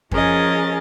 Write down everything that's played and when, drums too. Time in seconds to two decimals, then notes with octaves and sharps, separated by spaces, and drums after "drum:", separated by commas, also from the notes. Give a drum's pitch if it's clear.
0.11 F3 C#4 G#4 A#4 D#5 A6, drum: kick F2